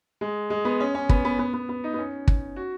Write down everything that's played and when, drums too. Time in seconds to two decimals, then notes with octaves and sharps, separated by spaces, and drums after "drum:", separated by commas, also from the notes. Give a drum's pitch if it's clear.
0.21 G#3
0.50 G#3
0.65 B3
0.80 C#4
0.95 C#4
1.09 B3, drum: kick
1.25 B3
1.39 B3
1.54 B3
1.69 B3
1.84 D#4
1.94 B3
1.98 C#4
2.28 drum: kick
2.56 F#4